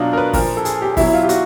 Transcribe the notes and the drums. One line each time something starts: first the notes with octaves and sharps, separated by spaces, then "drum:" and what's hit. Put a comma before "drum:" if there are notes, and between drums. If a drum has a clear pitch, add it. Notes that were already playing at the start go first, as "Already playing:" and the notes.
Already playing: B2 F#3 D4 D#4 F4
A#4
B4
A#2 F3 A#4, drum: kick, open hi-hat
A4
G#4, drum: hi-hat
G4
B2 F#3 E4, drum: kick, open hi-hat
E4
F4
G4
F#4, drum: hi-hat